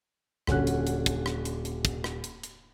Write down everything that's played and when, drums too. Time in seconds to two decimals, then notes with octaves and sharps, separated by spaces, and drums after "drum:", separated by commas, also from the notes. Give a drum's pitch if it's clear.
0.47 D#1 D3 C#4 F#4 F#6, drum: rim click
0.67 drum: hi-hat
0.87 drum: hi-hat
1.06 drum: kick, hi-hat
1.26 drum: rim click
1.45 drum: hi-hat
1.65 drum: hi-hat
1.85 drum: kick, hi-hat
2.04 drum: rim click
2.24 drum: hi-hat
2.43 drum: hi-hat